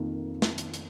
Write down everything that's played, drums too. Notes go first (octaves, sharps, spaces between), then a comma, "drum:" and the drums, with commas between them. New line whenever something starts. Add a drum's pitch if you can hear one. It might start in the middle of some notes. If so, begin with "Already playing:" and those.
Already playing: F2 D#3 A#3
drum: snare
drum: hi-hat
drum: hi-hat